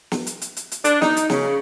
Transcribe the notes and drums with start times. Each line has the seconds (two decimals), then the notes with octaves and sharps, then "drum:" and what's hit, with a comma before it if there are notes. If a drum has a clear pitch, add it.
0.12 drum: snare
0.27 drum: hi-hat
0.42 drum: hi-hat
0.57 drum: hi-hat
0.72 drum: hi-hat
0.84 D4, drum: hi-hat
1.02 D#4, drum: snare
1.17 drum: hi-hat
1.30 C#3, drum: snare